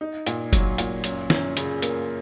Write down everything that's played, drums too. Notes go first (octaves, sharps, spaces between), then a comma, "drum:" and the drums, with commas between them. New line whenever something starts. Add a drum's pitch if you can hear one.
D#4
A#2, drum: hi-hat
F#3, drum: kick F#1, hi-hat
A#2, drum: hi-hat
F#2, drum: hi-hat
F#2, drum: snare
C#3, drum: hi-hat
A#3, drum: hi-hat